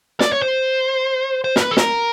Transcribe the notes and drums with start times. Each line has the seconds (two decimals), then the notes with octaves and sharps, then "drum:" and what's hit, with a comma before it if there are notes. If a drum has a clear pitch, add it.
0.20 D5, drum: snare
0.32 C#5
0.42 C5
1.44 C5
1.56 A#4, drum: snare
1.60 B4
1.71 A4
1.77 A#4, drum: snare